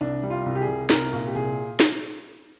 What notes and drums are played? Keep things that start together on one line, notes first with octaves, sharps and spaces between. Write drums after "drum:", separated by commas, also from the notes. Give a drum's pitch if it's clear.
C2 D4
G3
F4
C2
G4
G#4
C2
C2 A#4, drum: snare
A#2
G4
C2 G#4
drum: snare